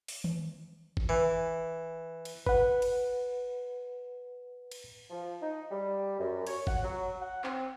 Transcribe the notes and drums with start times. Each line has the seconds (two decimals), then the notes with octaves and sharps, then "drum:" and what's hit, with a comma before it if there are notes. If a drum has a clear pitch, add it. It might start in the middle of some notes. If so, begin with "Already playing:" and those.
0.08 drum: open hi-hat
0.24 drum: tom D#3
0.97 drum: kick G1
1.09 E3
2.25 drum: cymbal
2.46 B4 F#5, drum: kick G1
2.82 drum: cymbal
4.72 drum: cymbal
5.10 F3
5.41 D#4
5.71 G3
6.19 F#2
6.47 C#5, drum: cymbal
6.67 F#5, drum: kick G1
6.83 F#3
7.21 F#5
7.44 C4, drum: clap